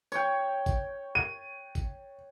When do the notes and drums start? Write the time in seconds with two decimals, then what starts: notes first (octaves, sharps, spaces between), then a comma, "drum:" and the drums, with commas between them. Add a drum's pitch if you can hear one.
0.12 C#5 G5, drum: tambourine
0.66 drum: kick G#1, tambourine
1.15 D#7
1.75 drum: kick G#1, tambourine